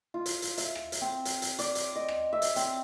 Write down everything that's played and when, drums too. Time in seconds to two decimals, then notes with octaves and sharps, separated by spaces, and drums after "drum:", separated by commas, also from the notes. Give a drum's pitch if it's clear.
0.14 F4
0.26 drum: hi-hat
0.42 drum: hi-hat
0.57 E5, drum: hi-hat
0.75 drum: rim click
0.92 drum: hi-hat
1.01 C4
1.25 drum: hi-hat
1.42 drum: hi-hat
1.59 D5, drum: hi-hat
1.75 drum: hi-hat
1.96 D#5
2.08 drum: rim click
2.33 E5
2.42 drum: hi-hat
2.56 C4, drum: hi-hat